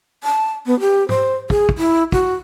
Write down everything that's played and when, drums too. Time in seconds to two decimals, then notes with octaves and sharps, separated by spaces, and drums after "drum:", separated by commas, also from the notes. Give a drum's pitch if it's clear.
0.24 A5
0.66 B3
0.80 G4
1.09 C5, drum: tom
1.50 G#4, drum: kick
1.69 drum: kick
1.78 E4
2.12 F#4, drum: kick